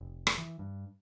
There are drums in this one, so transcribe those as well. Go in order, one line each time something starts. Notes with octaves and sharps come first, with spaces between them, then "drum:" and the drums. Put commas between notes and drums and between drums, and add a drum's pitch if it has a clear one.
F1
drum: rim click
E3
G2